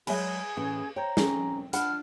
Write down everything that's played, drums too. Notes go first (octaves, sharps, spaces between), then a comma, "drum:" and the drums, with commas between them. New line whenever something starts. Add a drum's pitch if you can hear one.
F#3 G#3 G#4 A#4 E5 G#5 B5, drum: cymbal
A2 E3 C#4 A4
C5 C#5 G5 A#5
C4 C#4 G#4, drum: snare
D4 F4 F#5 A5 B5 F6, drum: hi-hat